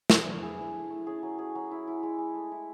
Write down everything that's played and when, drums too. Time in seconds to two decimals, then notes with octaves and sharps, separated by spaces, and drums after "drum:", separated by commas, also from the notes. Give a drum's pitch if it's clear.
0.10 A3, drum: snare
0.26 D4
0.42 E4 G#4
0.59 E4
0.74 E4
0.90 A3
1.07 C#4 G#4
1.23 F#3
1.38 F#3 G#4
1.55 F#3
1.71 E4
1.87 E4
2.03 G#3
2.18 G#3
2.35 A3
2.52 E4